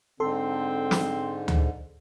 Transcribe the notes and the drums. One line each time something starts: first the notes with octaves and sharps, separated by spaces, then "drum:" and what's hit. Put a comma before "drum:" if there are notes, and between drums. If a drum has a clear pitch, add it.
G#2 D3 C4 A4 C6
drum: snare
drum: tom D2